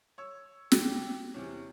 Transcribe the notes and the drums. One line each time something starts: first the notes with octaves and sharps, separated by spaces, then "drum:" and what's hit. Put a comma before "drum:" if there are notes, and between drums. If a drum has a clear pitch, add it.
C#5 E6
G4, drum: snare
E2 C3 C#4